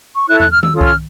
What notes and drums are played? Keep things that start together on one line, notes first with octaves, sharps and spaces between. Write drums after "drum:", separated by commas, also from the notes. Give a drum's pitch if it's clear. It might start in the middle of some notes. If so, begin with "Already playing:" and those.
C#6
E4 A4 C#5 F#6
F#6, drum: tom E2
F6
E6, drum: tom D#3
C#4 F4 A4 C#5 D#6
E6, drum: kick C2
F6